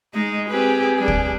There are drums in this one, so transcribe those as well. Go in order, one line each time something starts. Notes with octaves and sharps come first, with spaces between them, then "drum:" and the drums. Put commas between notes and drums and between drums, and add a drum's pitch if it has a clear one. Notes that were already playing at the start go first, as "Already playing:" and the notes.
G#3 D#4 D#5
C4 G4 G#4 B4
G3 D4
drum: kick